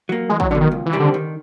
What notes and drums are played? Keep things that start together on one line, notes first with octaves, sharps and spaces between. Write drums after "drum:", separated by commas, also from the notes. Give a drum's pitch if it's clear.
F#3 A#3
E2 G#3
F#3, drum: kick
B2 D3 F#3
D#3
C#2
E3
C3 D#3 G3 C4
D3
D#3